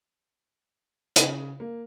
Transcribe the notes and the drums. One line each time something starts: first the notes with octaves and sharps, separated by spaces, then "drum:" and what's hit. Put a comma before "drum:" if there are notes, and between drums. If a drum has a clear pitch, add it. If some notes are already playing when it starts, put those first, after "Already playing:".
C#3, drum: hi-hat
A#3